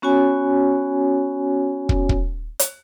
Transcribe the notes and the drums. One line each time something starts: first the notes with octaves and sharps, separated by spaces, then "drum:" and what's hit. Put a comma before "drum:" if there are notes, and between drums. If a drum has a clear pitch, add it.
B3 C#4 F#4 C#5 G#5
drum: kick
drum: kick
drum: hi-hat